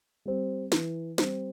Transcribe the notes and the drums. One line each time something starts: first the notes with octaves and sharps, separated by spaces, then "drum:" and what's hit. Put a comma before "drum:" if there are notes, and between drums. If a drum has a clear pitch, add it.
G3 C4
E3, drum: snare
G3 C4, drum: snare